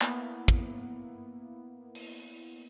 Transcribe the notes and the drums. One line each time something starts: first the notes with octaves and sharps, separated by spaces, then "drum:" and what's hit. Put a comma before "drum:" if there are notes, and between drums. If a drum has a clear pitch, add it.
A#3 B3 E4, drum: clap
drum: kick
drum: open hi-hat